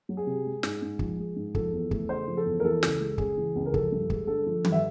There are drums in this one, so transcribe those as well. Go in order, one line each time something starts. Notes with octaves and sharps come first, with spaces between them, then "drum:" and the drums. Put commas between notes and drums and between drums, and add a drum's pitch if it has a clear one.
F#3
G#4
C3
G#3
G#2, drum: snare
G#2
F3, drum: kick
G#3
G#2
F3 A4, drum: kick
E2
A3, drum: kick
C#3 C5
F3
A4
E2
A#4
E3 A4
C#2, drum: snare
G#3
C#3 G#4, drum: kick
E3
C#2
A#4
F3 A4, drum: kick
G2
G#3, drum: kick
D3 A4
F3
G2, drum: tom
E5